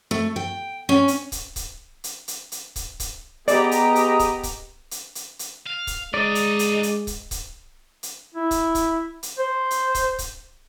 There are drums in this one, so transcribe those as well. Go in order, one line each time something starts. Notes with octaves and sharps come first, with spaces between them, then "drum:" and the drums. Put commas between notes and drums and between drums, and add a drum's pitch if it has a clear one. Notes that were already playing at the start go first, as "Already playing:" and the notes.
A3
G5
C#4
drum: hi-hat
drum: kick C#1, hi-hat
drum: kick C#1, hi-hat
drum: hi-hat
drum: hi-hat
drum: hi-hat
drum: kick C#1, hi-hat
drum: kick C#1, hi-hat
B3 G4 G#4 D5 D#5 A#5, drum: hi-hat
drum: hi-hat
drum: hi-hat
drum: kick C#1, hi-hat
drum: kick C#1, hi-hat
drum: hi-hat
drum: hi-hat
drum: hi-hat
F5
drum: kick C#1, hi-hat
G#3 D4 D#4 D5 D#5
drum: hi-hat
drum: hi-hat
drum: hi-hat
drum: kick C#1, hi-hat
drum: kick C#1, hi-hat
drum: hi-hat
E4
drum: kick C#1, hi-hat
drum: kick C#1, hi-hat
drum: hi-hat
C5
drum: hi-hat
drum: kick C#1, hi-hat
drum: kick C#1, hi-hat